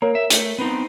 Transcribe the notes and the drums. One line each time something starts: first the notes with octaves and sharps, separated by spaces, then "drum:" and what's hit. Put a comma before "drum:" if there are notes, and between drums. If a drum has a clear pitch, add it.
A#3 A#4 C#5 A#5
E5
A3, drum: hi-hat
B3 C4 D#4